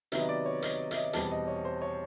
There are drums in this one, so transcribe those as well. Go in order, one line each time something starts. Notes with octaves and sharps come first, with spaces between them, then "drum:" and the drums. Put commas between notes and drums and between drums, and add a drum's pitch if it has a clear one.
C3 D#3 F#3 B3 E5, drum: hi-hat
D#5
D5
C#5
D#5, drum: hi-hat
E5, drum: hi-hat
D#5
E2 B2 G3 C4 A5, drum: hi-hat
D#5
C#5
C5
C#5